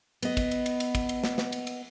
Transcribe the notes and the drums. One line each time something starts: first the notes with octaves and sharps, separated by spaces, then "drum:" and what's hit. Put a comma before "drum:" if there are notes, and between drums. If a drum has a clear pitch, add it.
B3 D#5, drum: cymbal
drum: kick, cymbal
drum: cymbal
drum: cymbal
drum: cymbal
drum: kick, cymbal
drum: cymbal
drum: snare
drum: snare
drum: cymbal
drum: cymbal